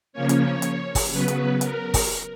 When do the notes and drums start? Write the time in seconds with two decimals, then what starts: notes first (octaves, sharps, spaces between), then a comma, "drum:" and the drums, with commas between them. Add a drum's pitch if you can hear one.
0.13 C#3 F3 A#3 C#4 C#5
0.29 drum: hi-hat
0.62 drum: hi-hat
0.95 drum: kick, open hi-hat
1.11 C#3 F#3 B3 B4
1.28 drum: hi-hat
1.61 A#4, drum: hi-hat
1.94 drum: kick, open hi-hat